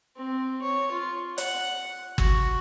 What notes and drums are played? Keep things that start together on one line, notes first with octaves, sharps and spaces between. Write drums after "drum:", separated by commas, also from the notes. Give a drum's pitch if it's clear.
C4
C#5
F4
F#5, drum: hi-hat
F#4, drum: kick